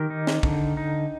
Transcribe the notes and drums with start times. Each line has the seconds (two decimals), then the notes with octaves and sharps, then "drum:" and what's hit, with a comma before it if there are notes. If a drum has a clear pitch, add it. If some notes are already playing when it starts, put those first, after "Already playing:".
Already playing: D#3 G4 A#4
0.10 D#4
0.27 drum: snare
0.43 D3, drum: kick
0.77 D#4